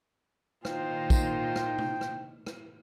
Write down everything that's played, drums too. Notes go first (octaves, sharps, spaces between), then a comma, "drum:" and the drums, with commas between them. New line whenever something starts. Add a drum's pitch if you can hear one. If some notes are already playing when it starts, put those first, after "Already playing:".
A#2 D#3 D#4 F4 C5 G5, drum: rim click
drum: kick, tambourine
drum: rim click
drum: tom C3
drum: rim click
drum: rim click